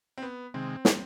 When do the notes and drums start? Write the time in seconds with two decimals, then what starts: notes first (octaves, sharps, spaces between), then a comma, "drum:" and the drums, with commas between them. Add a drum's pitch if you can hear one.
0.18 C4
0.22 B3
0.54 C3 D#3 G#3 C4
0.85 drum: snare